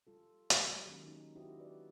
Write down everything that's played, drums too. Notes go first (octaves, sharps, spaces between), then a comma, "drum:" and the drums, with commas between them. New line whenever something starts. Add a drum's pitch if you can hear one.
G3 F4 A4
F#3 G#3 A#3 F#4 G4, drum: hi-hat
D#3 C#4
D#4
D#4 E4 F#4 G4 C5 D#5
F#4 G4 B4 D5